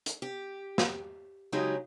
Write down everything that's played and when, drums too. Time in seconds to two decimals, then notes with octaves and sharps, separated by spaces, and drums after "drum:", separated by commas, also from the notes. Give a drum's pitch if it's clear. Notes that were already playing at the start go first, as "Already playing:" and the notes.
0.06 drum: hi-hat
0.22 G4
0.78 drum: snare
1.52 C#3 F#3 G#3 D#4 G4 G#4